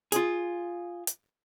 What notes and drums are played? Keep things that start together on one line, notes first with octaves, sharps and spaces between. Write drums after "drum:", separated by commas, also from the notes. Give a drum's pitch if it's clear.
F4 G#4, drum: hi-hat
drum: hi-hat